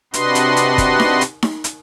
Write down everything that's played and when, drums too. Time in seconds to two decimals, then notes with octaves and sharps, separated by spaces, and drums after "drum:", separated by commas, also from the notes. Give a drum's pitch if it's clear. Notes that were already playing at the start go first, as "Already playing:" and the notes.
0.14 C3 D4 F#4 B4 D#5 C6, drum: hi-hat
0.35 drum: hi-hat
0.57 drum: hi-hat
0.78 drum: kick, hi-hat
1.00 drum: snare D#4
1.21 drum: hi-hat
1.43 drum: snare D#4
1.64 drum: hi-hat